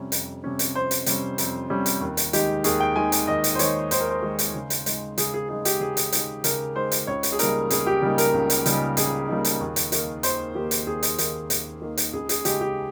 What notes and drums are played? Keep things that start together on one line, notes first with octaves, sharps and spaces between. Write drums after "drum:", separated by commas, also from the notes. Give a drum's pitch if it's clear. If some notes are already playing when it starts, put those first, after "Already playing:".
Already playing: F2 C3 G3 C#4
F2, drum: hi-hat
C3 G3 C#4
drum: hi-hat
F2 C5
drum: hi-hat
C3 G3 C#4, drum: hi-hat
F2, drum: hi-hat
C3 G3 C#4
drum: hi-hat
D#2
drum: hi-hat
D#3 G#3 D#4 G4, drum: hi-hat
D#2 G#4, drum: hi-hat
G5
D#3 G#3 D#4 G#5
drum: hi-hat
D#2 D#5
drum: hi-hat
C5
D#3 G#3 D#4 C#5, drum: hi-hat
D#2 C5, drum: hi-hat
A#4
C5
D#3 G#3 D#4
drum: hi-hat
C#3
drum: hi-hat
G#3 D#4, drum: hi-hat
C#3 G#4, drum: hi-hat
G#4
G#3 D#4 G#4
G4, drum: hi-hat
C#3 G#4
drum: hi-hat
G#3 D#4, drum: hi-hat
C#3 A#4, drum: hi-hat
G#3 D#4 C5
drum: hi-hat
C#2 C#5
drum: hi-hat
G#4
C#3 G3 A#3 D#4 A#4, drum: hi-hat
C#2 G#4, drum: hi-hat
G4
C#3 G3 A#3 D#4
A#4, drum: hi-hat
C#2
drum: hi-hat
C#3 G3 A#3 D#4, drum: hi-hat
C#2 G#4, drum: hi-hat
C#3 G3 A#3 D#4
drum: hi-hat
D#2
drum: hi-hat
D#3 A#3, drum: hi-hat
D#2 C5, drum: hi-hat
D#3 A#3 G4
drum: hi-hat
D#2 G#4
drum: hi-hat
D#3 A#3, drum: hi-hat
D#2, drum: hi-hat
D#3 A#3
drum: hi-hat
C#2 G#4
G#4, drum: hi-hat
C#3 G#3 D#4 G4, drum: hi-hat
G4